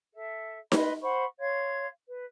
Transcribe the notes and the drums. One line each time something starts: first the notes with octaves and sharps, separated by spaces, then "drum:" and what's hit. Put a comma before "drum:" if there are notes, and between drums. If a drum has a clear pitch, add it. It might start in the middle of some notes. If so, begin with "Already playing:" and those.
A4 E5
B4 D#5 B5 C6, drum: snare D#4
C5 F#5 B5 C#6
C#5 F5 C6 G#6
B4